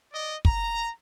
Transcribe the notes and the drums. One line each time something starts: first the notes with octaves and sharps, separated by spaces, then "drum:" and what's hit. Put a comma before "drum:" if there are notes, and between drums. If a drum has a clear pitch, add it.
D5 D#5
A#5, drum: kick